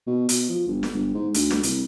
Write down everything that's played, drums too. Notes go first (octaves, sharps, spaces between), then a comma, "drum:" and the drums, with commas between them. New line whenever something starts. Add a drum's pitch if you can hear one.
B2
B2, drum: hi-hat
F3
G1
drum: snare
G1
G#2
D2, drum: hi-hat
drum: snare
C2, drum: hi-hat